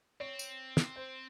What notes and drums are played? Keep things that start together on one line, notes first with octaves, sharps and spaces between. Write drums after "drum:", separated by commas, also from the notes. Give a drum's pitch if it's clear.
C4 C#5
drum: tambourine
drum: snare
C5